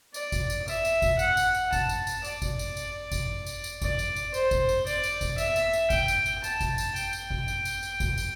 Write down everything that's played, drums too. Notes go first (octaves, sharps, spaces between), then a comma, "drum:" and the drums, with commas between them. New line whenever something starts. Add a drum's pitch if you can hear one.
D5, drum: tambourine
drum: kick G#1, tambourine
drum: tambourine
E5, drum: tambourine
drum: tambourine
drum: kick G#1, tambourine
F#5, drum: tambourine
drum: tambourine
drum: tambourine
A5, drum: kick G#1, tambourine
drum: tambourine
drum: tambourine
D5, drum: tambourine
drum: kick G#1, tambourine
drum: tambourine
drum: tambourine
drum: kick G#1, tambourine
drum: tambourine
drum: tambourine
D5, drum: kick G#1, tambourine
drum: tambourine
drum: tambourine
C5, drum: tambourine
drum: kick G#1, tambourine
drum: tambourine
D5, drum: tambourine
drum: tambourine
drum: kick G#1, tambourine
E5, drum: tambourine
drum: tambourine
drum: tambourine
G5, drum: kick G#1, tambourine
drum: tambourine
drum: tambourine
A5, drum: tambourine
drum: kick G#1, tambourine
drum: tambourine
G5, drum: tambourine
drum: tambourine
drum: kick G#1
drum: tambourine
drum: tambourine
drum: tambourine
drum: kick G#1, tambourine
drum: tambourine